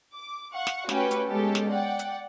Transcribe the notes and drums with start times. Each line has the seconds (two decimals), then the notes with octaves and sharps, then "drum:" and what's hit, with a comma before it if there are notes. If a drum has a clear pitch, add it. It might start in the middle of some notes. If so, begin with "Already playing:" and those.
0.14 D6
0.53 F5 F#5 C#6
0.67 drum: snare
0.89 A3 C#4 F#4 G4 B4 G5, drum: snare
1.11 drum: hi-hat
1.28 G#3 B3 C#4 G4 A4
1.55 drum: snare
1.70 D5 F#5 G5
1.99 drum: hi-hat